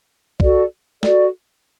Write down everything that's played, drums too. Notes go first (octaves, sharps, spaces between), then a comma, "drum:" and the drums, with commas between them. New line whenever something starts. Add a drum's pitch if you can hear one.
F#4 A4 D5, drum: kick
F#4 A4 D5, drum: snare